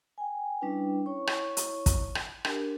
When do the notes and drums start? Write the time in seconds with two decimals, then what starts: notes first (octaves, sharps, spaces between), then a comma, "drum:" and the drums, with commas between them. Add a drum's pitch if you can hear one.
0.18 G5 G#5
0.61 G3 C#4 D4 E4 B4 G5
1.06 E4 C#5 C#6
1.27 drum: rim click
1.57 drum: hi-hat
1.86 drum: kick, hi-hat
2.15 drum: rim click
2.45 D4 G4 A#4, drum: rim click